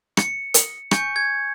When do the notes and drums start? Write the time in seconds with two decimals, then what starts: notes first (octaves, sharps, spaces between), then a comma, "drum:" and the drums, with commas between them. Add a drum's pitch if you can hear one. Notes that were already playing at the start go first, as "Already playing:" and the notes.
0.17 C#7, drum: rim click
0.54 drum: hi-hat
0.91 G#5 C#6 G6 C#7, drum: rim click
1.16 G#6